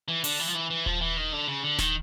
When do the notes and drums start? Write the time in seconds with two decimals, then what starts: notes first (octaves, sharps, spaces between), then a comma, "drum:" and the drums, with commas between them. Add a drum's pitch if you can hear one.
0.08 E3
0.24 D3, drum: open hi-hat
0.39 E3
0.48 F3
0.54 E3
0.70 E3
0.86 F3, drum: kick D#1
1.01 E3
1.17 D#3
1.33 D3
1.48 C#3
1.63 D3
1.79 D#3, drum: snare D1